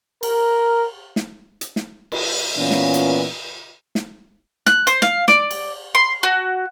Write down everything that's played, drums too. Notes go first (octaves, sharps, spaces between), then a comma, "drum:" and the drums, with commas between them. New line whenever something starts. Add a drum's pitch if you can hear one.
A#4, drum: cymbal
drum: snare
drum: hi-hat
drum: snare
drum: cymbal
A#2 E3 B3 C#4 F4
drum: snare
drum: hi-hat
drum: snare
F#6, drum: snare
C5, drum: hi-hat
F5, drum: snare
D5, drum: snare
drum: cymbal
C6
F#4